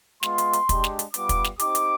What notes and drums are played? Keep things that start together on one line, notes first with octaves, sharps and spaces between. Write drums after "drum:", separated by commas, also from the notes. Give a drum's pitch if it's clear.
G#3 B3 F4 C6, drum: snare
drum: hi-hat
drum: hi-hat
G#3 D4 G4, drum: kick, hi-hat
drum: snare
drum: hi-hat
G3 B3 F4 D6, drum: hi-hat
drum: kick, hi-hat
drum: snare
C4 D#4 G4 D6, drum: hi-hat
drum: hi-hat